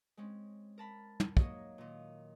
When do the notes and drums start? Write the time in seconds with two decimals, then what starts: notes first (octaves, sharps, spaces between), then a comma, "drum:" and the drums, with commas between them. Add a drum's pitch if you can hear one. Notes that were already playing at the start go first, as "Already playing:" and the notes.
0.17 G#3 C4 C#4
0.78 A#4 A5 B5
1.20 drum: tom
1.37 F#3 A#3 D#4 C#5 D#5, drum: kick
1.78 A#2 D#3